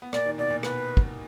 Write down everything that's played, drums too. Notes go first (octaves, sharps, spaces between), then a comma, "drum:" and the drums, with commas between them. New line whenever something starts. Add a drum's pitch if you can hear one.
B3
A#2 A#3 D5, drum: rim click
D#2 D#3
B2 D5
A#2
B2 B4, drum: rim click
drum: kick